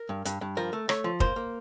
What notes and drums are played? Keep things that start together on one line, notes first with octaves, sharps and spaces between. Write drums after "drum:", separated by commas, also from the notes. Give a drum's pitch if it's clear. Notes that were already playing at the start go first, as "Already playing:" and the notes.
Already playing: A#4
G2
G2, drum: hi-hat
G2
F3 A#4
A3
A3 C#5, drum: rim click
F3
A#3 C5, drum: kick
A#3